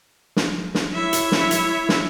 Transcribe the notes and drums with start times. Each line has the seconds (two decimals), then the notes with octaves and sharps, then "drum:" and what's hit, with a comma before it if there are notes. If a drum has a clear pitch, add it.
0.36 drum: snare
0.75 drum: snare
0.94 E4 C#5 E5
1.13 drum: hi-hat
1.32 drum: snare
1.51 drum: hi-hat
1.89 drum: snare